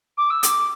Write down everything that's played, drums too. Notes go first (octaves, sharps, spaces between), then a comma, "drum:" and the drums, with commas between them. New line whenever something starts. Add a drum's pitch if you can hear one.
D6
E6
D6, drum: hi-hat